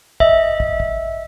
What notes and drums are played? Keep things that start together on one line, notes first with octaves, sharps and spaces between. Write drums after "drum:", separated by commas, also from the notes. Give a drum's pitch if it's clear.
D#5 E5, drum: kick
drum: kick
drum: kick